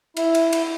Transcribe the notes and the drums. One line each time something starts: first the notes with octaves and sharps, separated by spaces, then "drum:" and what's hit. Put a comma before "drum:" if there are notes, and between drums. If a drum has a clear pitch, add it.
E4, drum: cymbal
drum: cymbal
drum: cymbal